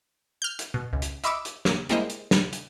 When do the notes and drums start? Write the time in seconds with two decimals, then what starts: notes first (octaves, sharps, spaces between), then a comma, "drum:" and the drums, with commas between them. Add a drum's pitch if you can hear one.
0.42 F6 G6
0.59 drum: hi-hat
0.74 B2
0.93 C#2
1.02 drum: hi-hat
1.24 D#5 E5 B5 C#6 D6 E6, drum: hi-hat
1.45 drum: hi-hat
1.65 F#3 A#3, drum: snare
1.89 G3 G#3 A#3 E4 C5 D#5, drum: hi-hat
2.10 drum: hi-hat
2.31 drum: snare
2.53 drum: hi-hat